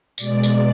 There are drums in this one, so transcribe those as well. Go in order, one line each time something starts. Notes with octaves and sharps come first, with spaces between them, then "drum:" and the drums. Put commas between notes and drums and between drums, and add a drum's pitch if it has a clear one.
B2 G#3 D5, drum: tambourine
drum: tambourine